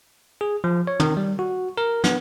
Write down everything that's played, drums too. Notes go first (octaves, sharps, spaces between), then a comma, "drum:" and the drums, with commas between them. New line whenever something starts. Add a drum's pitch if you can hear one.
G#4
F3
C#5
D#3, drum: tom
G3
F#4
A#4
B3, drum: snare